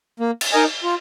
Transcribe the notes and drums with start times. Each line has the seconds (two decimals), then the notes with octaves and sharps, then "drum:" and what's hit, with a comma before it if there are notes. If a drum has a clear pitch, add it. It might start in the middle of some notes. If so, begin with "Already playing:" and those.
0.20 A#3
0.41 drum: cymbal
0.53 D#4 A#4 D#5 G#5
0.83 F4